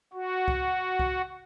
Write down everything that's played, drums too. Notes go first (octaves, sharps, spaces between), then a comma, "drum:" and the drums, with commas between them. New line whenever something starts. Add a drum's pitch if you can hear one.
F#4
drum: kick C2
drum: kick C2